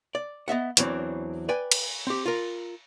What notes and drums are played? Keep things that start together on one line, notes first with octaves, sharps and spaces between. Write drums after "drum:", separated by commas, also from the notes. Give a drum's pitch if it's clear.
D5
B3 D#5 E5 F#5
E2 E3 F#3 C4 D4, drum: hi-hat
B4 D5 G5 G#5
drum: cymbal
C4 G4
F4 A#4